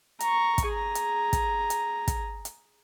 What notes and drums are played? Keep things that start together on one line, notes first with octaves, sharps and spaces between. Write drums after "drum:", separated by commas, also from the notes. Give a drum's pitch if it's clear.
A#5 C#6, drum: hi-hat
drum: kick, hi-hat
G#4 A#5
drum: hi-hat
drum: kick, hi-hat
drum: hi-hat
drum: kick, hi-hat
drum: hi-hat